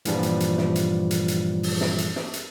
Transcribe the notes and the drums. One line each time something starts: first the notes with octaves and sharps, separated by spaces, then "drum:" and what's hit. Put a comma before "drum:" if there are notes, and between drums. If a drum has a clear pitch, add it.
G2 A#2 E3 F3 G3, drum: hi-hat
drum: hi-hat
drum: hi-hat
drum: snare
drum: hi-hat
drum: hi-hat
drum: hi-hat
drum: open hi-hat
drum: snare
drum: hi-hat
drum: snare
drum: hi-hat